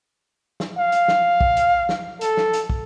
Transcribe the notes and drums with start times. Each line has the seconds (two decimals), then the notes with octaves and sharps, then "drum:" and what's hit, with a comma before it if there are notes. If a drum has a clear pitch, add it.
0.60 drum: snare
0.78 F5
0.92 drum: hi-hat
1.08 drum: snare
1.41 drum: kick
1.57 drum: hi-hat
1.89 drum: snare
2.21 A4, drum: hi-hat
2.37 drum: snare
2.53 drum: hi-hat
2.70 drum: kick